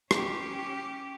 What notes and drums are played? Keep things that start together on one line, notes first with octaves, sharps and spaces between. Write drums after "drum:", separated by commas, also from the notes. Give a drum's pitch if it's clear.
C#4 G4, drum: rim click